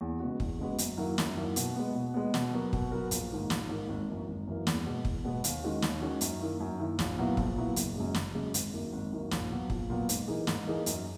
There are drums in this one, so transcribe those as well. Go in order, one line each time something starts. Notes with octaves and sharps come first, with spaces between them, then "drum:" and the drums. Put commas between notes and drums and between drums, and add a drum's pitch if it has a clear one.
E2
C#3 G#3 B3 F#4
E2, drum: kick
C#3 G#3 B3 F#4
F#2, drum: hi-hat
D#3 F#3 A#3 E4
F#2, drum: snare
D#3 F#3 A#3 E4
B2, drum: hi-hat
G#3 B3
B2
G#3 B3
B2, drum: snare
F#3 B3 F#4 A#4
B2, drum: kick
F#3 B3 F#4 A#4
A#1, drum: hi-hat
G#2 D#3 A#3
A#1, drum: snare
G#2 D#3 A#3
G#1
F#2 E3 A#3
G#1
F#2 E3 A#3
E2, drum: snare
B2 G#3 B3
E2, drum: kick
B2 G#3 B3
D#2, drum: hi-hat
D#3 G#3 C#4 F#4
D#2, drum: snare
D#3 G#3 C#4 F#4
F#2, drum: hi-hat
D#3 A#3 E4
F#2
D#3 A#3 E4
A#1, drum: snare
A#2 F#3 B3 E4
A#1, drum: kick
A#2 F#3 B3 E4
F#1, drum: hi-hat
F#2 C#3 G#3
F#1, drum: snare
F#2 C#3 G#3
G#1, drum: hi-hat
F#2 D#3 A#3
G#1
F#2 D#3 A#3
A#1, drum: snare
A#2 F#3 B3
A#1, drum: kick
A#2 F#3 B3
G#2, drum: hi-hat
E3 A#3 D#4 G#4
G#2, drum: snare
E3 A#3 D#4 G#4
F#2, drum: hi-hat